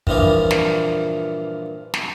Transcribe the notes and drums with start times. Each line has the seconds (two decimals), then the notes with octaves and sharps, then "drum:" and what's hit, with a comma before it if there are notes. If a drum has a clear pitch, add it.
0.07 G2 A#2 E3 F3 A#3, drum: kick
0.51 drum: snare
1.94 drum: snare